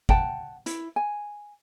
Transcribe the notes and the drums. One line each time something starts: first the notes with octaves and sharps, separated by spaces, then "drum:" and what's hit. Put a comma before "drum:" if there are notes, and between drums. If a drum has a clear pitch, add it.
F#5 G5 A5, drum: kick G1
E4, drum: hi-hat
G#5